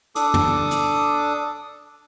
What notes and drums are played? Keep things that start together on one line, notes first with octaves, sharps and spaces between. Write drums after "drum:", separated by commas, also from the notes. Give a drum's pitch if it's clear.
D4 A4 D6 D#6, drum: hi-hat
drum: tom
drum: hi-hat